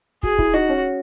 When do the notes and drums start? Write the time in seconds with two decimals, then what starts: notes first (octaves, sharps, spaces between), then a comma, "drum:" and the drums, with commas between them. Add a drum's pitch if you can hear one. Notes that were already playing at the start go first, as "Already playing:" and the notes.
0.23 F#4 G#4, drum: kick
0.38 E4, drum: kick
0.54 D#4 F#4
0.69 C#4